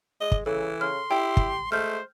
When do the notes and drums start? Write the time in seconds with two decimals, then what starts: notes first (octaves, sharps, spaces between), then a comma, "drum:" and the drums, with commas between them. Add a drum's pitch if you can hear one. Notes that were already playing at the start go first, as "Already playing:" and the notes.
0.21 G#3 D#5
0.32 drum: kick
0.46 C#3 E3 A4
0.81 C#3 C6 F6
1.11 E4 G4 G5
1.37 drum: kick
1.72 G#3 A3 C5 F6 G6